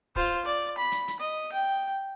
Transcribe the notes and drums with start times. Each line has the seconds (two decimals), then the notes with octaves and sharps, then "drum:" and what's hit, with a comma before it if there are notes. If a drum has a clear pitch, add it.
0.16 F4 C5, drum: kick
0.45 D5
0.78 B5
0.92 drum: hi-hat
1.08 drum: hi-hat
1.20 D#5
1.52 G5